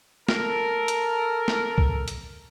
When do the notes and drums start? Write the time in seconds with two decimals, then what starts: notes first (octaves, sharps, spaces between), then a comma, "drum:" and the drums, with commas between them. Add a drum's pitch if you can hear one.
0.29 A4 A#4, drum: snare
0.88 drum: hi-hat
1.48 drum: snare
1.78 drum: kick C2
2.08 drum: hi-hat